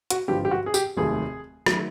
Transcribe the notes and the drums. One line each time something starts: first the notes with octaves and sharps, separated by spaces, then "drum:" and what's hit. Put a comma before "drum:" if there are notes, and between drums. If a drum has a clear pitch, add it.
F#4, drum: hi-hat
G#1 G2 D3 F3 G4
G4
F#4
G#4
G4, drum: tambourine
F1 D#2 D#3 F#3 A3 G#4
D#3 F#3 A3, drum: rim click